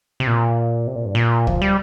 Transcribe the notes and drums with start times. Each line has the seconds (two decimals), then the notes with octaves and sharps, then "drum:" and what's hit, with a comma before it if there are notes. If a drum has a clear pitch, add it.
0.20 C3
0.27 A#2
0.87 C3
0.96 A#2
1.06 G2
1.15 A#2
1.47 F3, drum: kick
1.62 G3